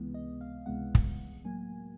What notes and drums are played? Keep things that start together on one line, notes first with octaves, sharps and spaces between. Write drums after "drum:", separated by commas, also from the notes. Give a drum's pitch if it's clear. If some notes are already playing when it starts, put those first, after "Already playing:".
Already playing: C#2 C3 E3 G#3 B3
D#5
F5
C#2 C3 E3 G#3 B3 F#5
drum: kick
A2 F#3 A#3 G#5